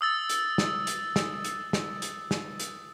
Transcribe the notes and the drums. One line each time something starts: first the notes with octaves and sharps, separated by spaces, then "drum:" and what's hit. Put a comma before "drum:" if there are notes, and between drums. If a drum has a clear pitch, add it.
D#6 E6 A6
drum: hi-hat
drum: snare
drum: hi-hat
drum: snare
drum: hi-hat
drum: snare
drum: hi-hat
drum: snare
drum: hi-hat